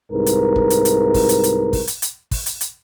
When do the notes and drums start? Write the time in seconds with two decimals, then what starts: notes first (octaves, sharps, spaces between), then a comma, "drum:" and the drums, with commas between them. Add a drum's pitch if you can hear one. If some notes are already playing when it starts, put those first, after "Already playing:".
0.12 C2 G#2 A#4 B4
0.26 drum: hi-hat
0.56 drum: kick
0.70 drum: hi-hat
0.85 drum: hi-hat
1.14 drum: kick, open hi-hat
1.29 drum: hi-hat
1.44 drum: hi-hat
1.73 drum: kick, open hi-hat
1.87 drum: hi-hat
2.02 drum: hi-hat
2.31 drum: kick, open hi-hat
2.46 drum: hi-hat
2.61 drum: hi-hat